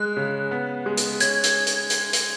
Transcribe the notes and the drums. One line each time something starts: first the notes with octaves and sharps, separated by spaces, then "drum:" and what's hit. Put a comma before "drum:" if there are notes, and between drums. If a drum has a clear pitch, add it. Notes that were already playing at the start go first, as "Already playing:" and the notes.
Already playing: G#3 F#6
C#3
B3
G#3
drum: hi-hat
C#4 G#6, drum: hi-hat
drum: hi-hat
drum: hi-hat
drum: hi-hat
drum: hi-hat